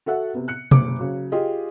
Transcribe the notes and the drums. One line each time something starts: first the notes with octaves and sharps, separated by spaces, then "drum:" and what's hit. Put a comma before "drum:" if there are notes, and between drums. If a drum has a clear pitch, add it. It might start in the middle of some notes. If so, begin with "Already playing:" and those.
F#4 A4 E5 F#5
C3 B3
F#6 C#7
F#1 D6, drum: tom B2
C#3 F#3
F4 G4 G#4 D#5